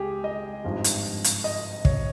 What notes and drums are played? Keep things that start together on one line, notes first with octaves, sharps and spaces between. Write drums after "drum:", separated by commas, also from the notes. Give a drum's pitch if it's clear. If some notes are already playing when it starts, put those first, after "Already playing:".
Already playing: C#2 G4 G#4
D#5
G#1 G2 F3
drum: hi-hat
drum: hi-hat
D#5
C#5, drum: kick